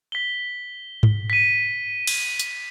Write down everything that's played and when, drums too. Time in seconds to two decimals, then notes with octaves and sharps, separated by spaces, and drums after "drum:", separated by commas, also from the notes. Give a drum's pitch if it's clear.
0.12 B6 G7
1.03 drum: tom G#2
1.30 B6 D#7
2.07 drum: cymbal
2.39 drum: hi-hat